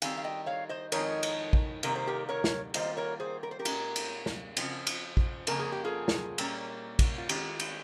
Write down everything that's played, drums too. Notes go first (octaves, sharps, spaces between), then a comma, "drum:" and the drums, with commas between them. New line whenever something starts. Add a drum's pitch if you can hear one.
D#3 G3 C4 F5 G#5, drum: cymbal
F5
D#5 G5
C#5 F5
C5 D#5
F2 D#3 G#3 D#4 A#4 C#5, drum: cymbal
drum: cymbal
drum: kick
C3 D#3 G3 A#3 A#4, drum: cymbal
C5
G4 A#4
A#4 C#5
drum: snare
D#3 G3 A#3 F4 C5 D#5, drum: cymbal
A#4 C#5
G#4 C5
A#4
C5
G4 A#4
A#2 G#3 C#4 F4, drum: cymbal
drum: cymbal
drum: snare
C#3 F3 C4, drum: cymbal
drum: cymbal
drum: kick
F2 C#3 A#3 A#4, drum: cymbal
G#4
G4
F4 G#4
drum: snare
A#2 G3 A#3 C#4, drum: cymbal
drum: kick, cymbal
F4
D#3 G#3 C#4 F4 G4, drum: cymbal
drum: cymbal